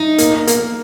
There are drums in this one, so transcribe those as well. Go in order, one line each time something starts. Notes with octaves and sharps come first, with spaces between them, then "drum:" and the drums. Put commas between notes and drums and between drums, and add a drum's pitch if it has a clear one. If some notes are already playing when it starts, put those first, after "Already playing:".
Already playing: D#4
A#3, drum: hi-hat
A#3, drum: hi-hat